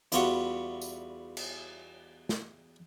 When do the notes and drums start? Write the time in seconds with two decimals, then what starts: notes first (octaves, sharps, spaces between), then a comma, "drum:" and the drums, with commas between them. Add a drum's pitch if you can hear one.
0.12 E2 G3 B3 F4 F#4 F#5, drum: hi-hat
0.81 drum: tambourine
1.37 drum: cymbal
2.29 drum: snare